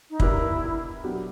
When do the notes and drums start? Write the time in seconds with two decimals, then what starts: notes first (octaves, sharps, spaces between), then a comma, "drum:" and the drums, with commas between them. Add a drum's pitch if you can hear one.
0.10 D#4
0.20 B3 D4 E4 G4 A#4, drum: kick
1.04 B2 F#3 B3 D4 G4